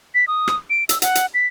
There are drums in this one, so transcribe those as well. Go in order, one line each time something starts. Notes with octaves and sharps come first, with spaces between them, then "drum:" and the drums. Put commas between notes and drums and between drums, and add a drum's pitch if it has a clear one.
B6
D#6
drum: rim click
D7
E6, drum: hi-hat
F#5, drum: hi-hat
drum: hi-hat
B6